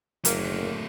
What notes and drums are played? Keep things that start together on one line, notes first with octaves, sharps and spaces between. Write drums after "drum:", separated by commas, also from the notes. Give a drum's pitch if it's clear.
F#1 F#3 A3 A#3, drum: hi-hat